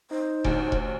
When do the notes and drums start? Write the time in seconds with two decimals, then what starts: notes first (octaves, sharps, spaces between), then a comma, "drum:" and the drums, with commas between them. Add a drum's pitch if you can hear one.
0.11 D#4 C5
0.44 A1 D2, drum: kick E1
0.72 drum: kick E1